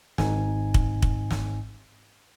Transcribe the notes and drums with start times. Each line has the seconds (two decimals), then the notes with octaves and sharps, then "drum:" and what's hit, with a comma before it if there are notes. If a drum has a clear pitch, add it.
0.18 G#1 G#2 C4 D#4 G#5, drum: snare
0.74 drum: kick
1.02 drum: kick
1.31 drum: snare